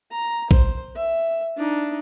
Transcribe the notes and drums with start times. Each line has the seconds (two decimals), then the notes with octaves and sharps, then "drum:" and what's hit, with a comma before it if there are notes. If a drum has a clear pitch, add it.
0.11 A#5
0.51 C5, drum: kick
0.96 E5
1.57 D4 D#4